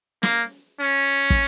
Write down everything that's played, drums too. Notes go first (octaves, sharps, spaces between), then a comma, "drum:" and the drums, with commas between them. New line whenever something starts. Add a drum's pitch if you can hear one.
A#3, drum: snare
C#4
drum: kick